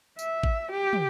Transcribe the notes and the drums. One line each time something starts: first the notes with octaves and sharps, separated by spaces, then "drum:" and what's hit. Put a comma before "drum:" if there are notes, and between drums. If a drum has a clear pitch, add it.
E5, drum: tambourine
drum: kick A1
G4
drum: tom